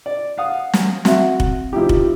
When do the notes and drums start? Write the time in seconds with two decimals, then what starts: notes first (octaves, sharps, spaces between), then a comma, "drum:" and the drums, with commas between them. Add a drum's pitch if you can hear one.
0.06 D5
0.38 F5 F#5 D#6
0.73 drum: snare
1.05 C4 F#4 E5, drum: snare
1.40 drum: kick F1
1.73 F3 D#4 E4 G4
1.89 drum: kick F1